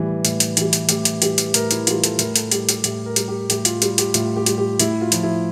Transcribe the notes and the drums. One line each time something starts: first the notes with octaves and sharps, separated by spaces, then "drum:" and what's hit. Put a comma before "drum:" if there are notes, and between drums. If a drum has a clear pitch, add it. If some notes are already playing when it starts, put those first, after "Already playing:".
Already playing: A2 E3 G3
A2, drum: hi-hat
drum: hi-hat
E3 G3, drum: hi-hat
drum: hi-hat
A2 G4, drum: hi-hat
drum: hi-hat
E3 G3 G4, drum: hi-hat
drum: hi-hat
A2 A#4, drum: hi-hat
E4, drum: hi-hat
E3 G3 F4, drum: hi-hat
A4, drum: hi-hat
A2 A#4, drum: hi-hat
A4, drum: hi-hat
G3 G4, drum: hi-hat
G4, drum: hi-hat
A2 G4, drum: hi-hat
A#4
G3, drum: hi-hat
G4
A2 G4, drum: hi-hat
F4, drum: hi-hat
G3, drum: hi-hat
G4, drum: hi-hat
A2 F4, drum: hi-hat
G4
G3, drum: hi-hat
G4
A2 E4, drum: hi-hat
F4
F3, drum: hi-hat
E4